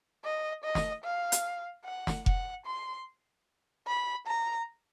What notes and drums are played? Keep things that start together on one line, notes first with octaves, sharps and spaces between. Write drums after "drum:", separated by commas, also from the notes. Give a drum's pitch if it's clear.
D#5
D#5
drum: snare
F5
drum: hi-hat
F#5
drum: snare
F#5, drum: kick F1
C6
B5
A#5